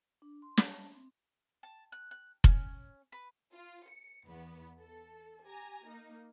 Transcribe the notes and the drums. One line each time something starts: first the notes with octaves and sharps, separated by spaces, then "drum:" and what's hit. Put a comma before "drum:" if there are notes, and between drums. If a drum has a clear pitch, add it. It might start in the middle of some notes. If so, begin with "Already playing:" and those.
D4
C6
A5, drum: snare
C4
A5
F#6
F#6
C#4, drum: kick F1
B4
F4
C#7
E2 B3
A4
G4 G#5 A#5
A#3 D#4